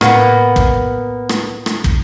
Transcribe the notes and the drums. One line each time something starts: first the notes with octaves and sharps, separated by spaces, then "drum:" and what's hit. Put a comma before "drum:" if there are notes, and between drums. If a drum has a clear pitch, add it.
A2 A#3 B3, drum: rim click
drum: kick
drum: rim click
drum: rim click
drum: kick